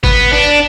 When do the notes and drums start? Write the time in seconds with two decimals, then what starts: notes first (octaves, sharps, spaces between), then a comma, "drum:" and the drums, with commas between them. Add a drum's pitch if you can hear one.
0.04 B3, drum: kick G1
0.32 D4